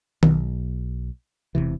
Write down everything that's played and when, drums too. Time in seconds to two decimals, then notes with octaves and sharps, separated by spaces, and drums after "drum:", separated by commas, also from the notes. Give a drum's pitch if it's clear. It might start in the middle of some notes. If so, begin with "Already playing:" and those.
0.23 B1, drum: tom D#3
1.55 E1 C#2 C3 E3